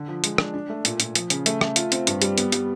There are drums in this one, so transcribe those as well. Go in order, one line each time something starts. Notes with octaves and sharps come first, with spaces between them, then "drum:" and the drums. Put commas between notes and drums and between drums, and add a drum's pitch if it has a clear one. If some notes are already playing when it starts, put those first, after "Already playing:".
Already playing: D3
F3
G#3, drum: hi-hat
D4, drum: rim click
D4
A3
A#2, drum: hi-hat
A#2, drum: hi-hat
F3, drum: hi-hat
C#3, drum: hi-hat
A3, drum: hi-hat
A3, drum: rim click
F4, drum: hi-hat
C4, drum: hi-hat
G2, drum: hi-hat
G3, drum: hi-hat
B3, drum: hi-hat
G3, drum: hi-hat